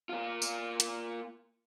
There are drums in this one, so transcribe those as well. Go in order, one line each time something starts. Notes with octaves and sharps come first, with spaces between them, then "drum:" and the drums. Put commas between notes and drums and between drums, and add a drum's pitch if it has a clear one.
A#3 F4
drum: tambourine
drum: hi-hat